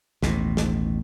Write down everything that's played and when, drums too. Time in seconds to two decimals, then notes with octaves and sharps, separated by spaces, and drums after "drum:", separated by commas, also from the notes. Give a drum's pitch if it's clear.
0.23 A1 D#2 B2, drum: snare
0.57 drum: snare